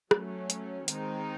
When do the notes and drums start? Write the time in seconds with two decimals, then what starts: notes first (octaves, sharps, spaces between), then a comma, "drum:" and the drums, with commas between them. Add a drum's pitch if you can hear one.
0.11 F#3 A3 C#4, drum: rim click
0.50 drum: hi-hat
0.88 D#3 G#3 C4 D#4, drum: hi-hat